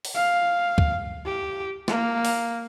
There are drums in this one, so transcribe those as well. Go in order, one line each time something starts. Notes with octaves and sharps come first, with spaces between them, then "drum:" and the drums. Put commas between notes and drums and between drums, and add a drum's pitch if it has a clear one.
drum: open hi-hat
F5
drum: kick
G4
A#3, drum: snare
drum: open hi-hat